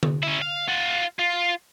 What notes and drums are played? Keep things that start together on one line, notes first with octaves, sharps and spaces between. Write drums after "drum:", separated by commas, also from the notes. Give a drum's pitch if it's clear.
drum: tom D3
C#4 E4
F5
F4 F#5
F4